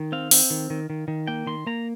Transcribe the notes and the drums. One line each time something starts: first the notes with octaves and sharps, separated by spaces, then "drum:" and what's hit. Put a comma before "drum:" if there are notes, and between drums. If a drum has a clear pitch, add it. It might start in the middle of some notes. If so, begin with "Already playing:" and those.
Already playing: D#3
C4 F5
C4, drum: open hi-hat
D#3
D#3
D#3
D#3
A#3 G5
D#3 C6
A#3 A#5